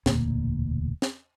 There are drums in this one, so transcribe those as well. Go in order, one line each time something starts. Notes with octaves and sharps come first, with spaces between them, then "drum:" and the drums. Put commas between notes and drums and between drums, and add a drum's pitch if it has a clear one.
E1 D2 A#2 A#3, drum: snare
drum: snare